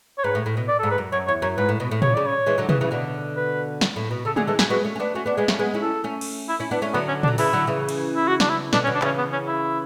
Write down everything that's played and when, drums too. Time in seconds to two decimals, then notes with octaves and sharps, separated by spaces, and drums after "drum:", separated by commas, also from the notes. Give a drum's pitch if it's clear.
0.18 C#5
0.24 G#2 B4
0.35 A2
0.46 A2
0.57 B2
0.68 D5
0.79 G#2 A4
0.91 B4
0.98 F#2
1.12 F#2 C#5
1.27 E2 C#5
1.42 F#2 C#5
1.57 G#2 B4
1.69 A2
1.80 B2
1.91 A2
2.02 C#3 C#5, drum: tom
2.14 C#3 D5
2.26 C#5
2.46 E3 G#3
2.58 D3 F#3
2.69 C#3 E3, drum: tom
2.81 C#3 E3
2.91 B2 D3
3.36 B4
3.81 drum: snare
3.96 A2
4.11 B2
4.25 C#3 A4
4.36 D3 F#3 G#4, drum: tom G3
4.47 E3 G#3 A4
4.59 F#3 A3 G#4, drum: snare
4.70 G#3 B3 F#4
4.84 A3 C#4
4.96 C#4
5.00 B3 D4
5.15 A3 C#4 F#4
5.26 B3 D4
5.37 G#3 B3 G#4
5.48 A3 C#4, drum: snare
5.59 G#3 B3 G#4
5.74 C#4 E4
5.82 A4
6.04 A3 C#4
6.21 drum: cymbal
6.49 E4
6.60 C#4 E4
6.71 B3 D4
6.82 A3 C#4
6.94 D3 F#3 B3
7.08 C#4
7.23 D4, drum: tom
7.28 F#3
7.38 C#3 E3 E4, drum: open hi-hat
7.53 D3 F#3
7.67 C#3 E3
7.89 drum: cymbal
8.16 E4
8.28 F#4
8.40 D4, drum: snare
8.50 E4
8.73 B2 D3 D4, drum: snare
8.84 C#4
8.87 B2 D3
8.95 D4
9.02 C#3 E3 C#4, drum: clap
9.18 B3
9.33 C#4
9.47 E4